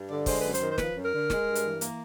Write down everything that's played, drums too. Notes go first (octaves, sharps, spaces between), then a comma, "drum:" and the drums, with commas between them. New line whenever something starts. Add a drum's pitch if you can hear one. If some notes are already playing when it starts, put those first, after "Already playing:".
Already playing: G2
D3 D5
G#3 C5, drum: kick, open hi-hat
F#2 B4
C5, drum: hi-hat
D#3
C5
F3 B4, drum: snare
F#2
A#4
D3
G#3, drum: snare
G2
drum: hi-hat
E3
A#3, drum: hi-hat